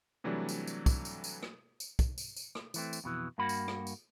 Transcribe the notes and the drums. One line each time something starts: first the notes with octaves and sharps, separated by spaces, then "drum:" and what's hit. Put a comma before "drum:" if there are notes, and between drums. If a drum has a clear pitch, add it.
C3 E3 F#3 G3 A3 D4
drum: tambourine
drum: tambourine
drum: kick, tambourine
drum: tambourine
drum: tambourine
drum: rim click
drum: tambourine
drum: kick, tambourine
drum: tambourine
drum: tambourine
drum: rim click
E3 A3 C4, drum: tambourine
drum: tambourine
F2 B2 E3
G2 A#3 F#4 B5
drum: tambourine
drum: rim click
drum: tambourine